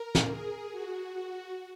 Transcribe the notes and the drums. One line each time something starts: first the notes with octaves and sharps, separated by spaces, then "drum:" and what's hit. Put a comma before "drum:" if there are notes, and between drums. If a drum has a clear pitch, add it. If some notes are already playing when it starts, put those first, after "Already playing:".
Already playing: A#4
drum: snare
G#4
F#4